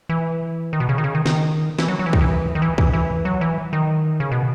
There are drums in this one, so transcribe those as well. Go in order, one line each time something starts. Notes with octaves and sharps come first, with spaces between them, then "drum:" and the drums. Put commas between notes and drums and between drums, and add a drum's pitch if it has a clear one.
E3
D#3
B2
C#3
D#3
C#3
D#3
D#3, drum: snare
E3, drum: snare
F#3
F#3
E3
D#3, drum: kick
E3
D#3
E3
E3, drum: kick
E3
F#3
E3
D#3
C#3
B2